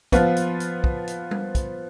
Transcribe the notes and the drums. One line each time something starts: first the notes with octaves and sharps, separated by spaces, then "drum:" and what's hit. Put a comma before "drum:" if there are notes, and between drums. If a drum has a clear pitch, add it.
F3 B3 F4 B4, drum: kick, hi-hat
drum: hi-hat
drum: hi-hat
drum: kick
drum: hi-hat
drum: tom G3
drum: kick, hi-hat